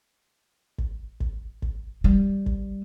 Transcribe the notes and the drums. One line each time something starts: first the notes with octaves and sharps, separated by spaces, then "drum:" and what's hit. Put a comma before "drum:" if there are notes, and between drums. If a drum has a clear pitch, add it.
drum: kick
drum: kick
drum: kick
G3
drum: kick